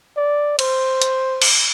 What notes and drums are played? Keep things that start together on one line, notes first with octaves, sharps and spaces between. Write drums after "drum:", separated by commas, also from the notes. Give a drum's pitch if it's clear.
D5
C5, drum: cymbal
drum: hi-hat
drum: cymbal